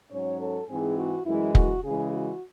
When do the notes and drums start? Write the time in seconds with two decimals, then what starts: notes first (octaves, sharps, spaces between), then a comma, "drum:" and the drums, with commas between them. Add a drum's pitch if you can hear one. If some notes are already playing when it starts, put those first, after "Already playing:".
0.11 G#2 F#3 C#4 C#5
0.40 A4
0.68 G#2 E3 C4 G#4
0.97 F#4
1.26 F#2 E3 G#3 E4
1.55 F#4, drum: kick
1.84 C#3 E3 G#3 G#4
2.13 F#4